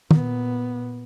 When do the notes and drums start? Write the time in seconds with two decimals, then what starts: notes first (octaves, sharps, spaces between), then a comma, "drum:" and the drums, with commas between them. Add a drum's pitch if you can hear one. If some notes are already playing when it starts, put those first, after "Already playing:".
0.11 A#2 B3, drum: tom